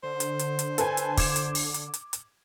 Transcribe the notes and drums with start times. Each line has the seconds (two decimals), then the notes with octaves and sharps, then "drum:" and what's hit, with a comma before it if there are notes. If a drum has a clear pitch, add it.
0.03 D3 C5
0.20 drum: hi-hat
0.39 drum: hi-hat
0.59 drum: hi-hat
0.78 A4 B4 G#5, drum: hi-hat
0.97 drum: hi-hat
1.17 D6 G#6 E7, drum: kick, open hi-hat
1.36 drum: hi-hat
1.55 drum: open hi-hat
1.74 drum: hi-hat
1.94 drum: hi-hat
2.13 drum: hi-hat